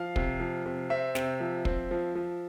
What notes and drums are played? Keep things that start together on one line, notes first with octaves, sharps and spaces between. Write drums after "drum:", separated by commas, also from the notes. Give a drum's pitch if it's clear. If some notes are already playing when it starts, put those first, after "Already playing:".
Already playing: F3 F5
C3, drum: kick
F3
C3
C4 E5
C3, drum: snare
F3
C4, drum: kick
F3
F3